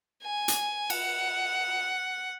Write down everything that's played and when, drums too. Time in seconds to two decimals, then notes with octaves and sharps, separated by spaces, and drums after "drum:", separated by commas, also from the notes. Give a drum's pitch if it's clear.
0.24 G#5
0.48 drum: hi-hat
0.90 F#5, drum: cymbal